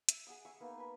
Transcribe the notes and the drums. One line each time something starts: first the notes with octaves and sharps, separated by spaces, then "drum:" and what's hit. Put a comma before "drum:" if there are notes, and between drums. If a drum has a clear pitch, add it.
E5, drum: hi-hat
G#4 F#5 D#6
E5 G#5 C#6
A#3 B3 D#4
G#5 B5